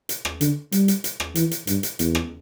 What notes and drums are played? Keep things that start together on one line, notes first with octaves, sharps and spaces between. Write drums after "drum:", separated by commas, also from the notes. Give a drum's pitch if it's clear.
drum: hi-hat
drum: rim click
D3, drum: hi-hat
G3, drum: hi-hat
drum: hi-hat
drum: hi-hat
drum: rim click
E3, drum: hi-hat
drum: hi-hat
G2, drum: hi-hat
drum: hi-hat
E2, drum: hi-hat
drum: rim click